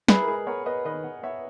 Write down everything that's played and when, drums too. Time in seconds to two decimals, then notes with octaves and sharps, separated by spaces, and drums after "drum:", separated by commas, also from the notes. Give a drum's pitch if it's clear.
0.08 E4 G#4 B4, drum: snare
0.22 A#4
0.27 G#3 G#4 B4
0.47 B3 A#4 C#5
0.66 B3 B4 D#5
0.85 D#3 B4 D#5
1.04 B3
1.23 B3 C#5 E5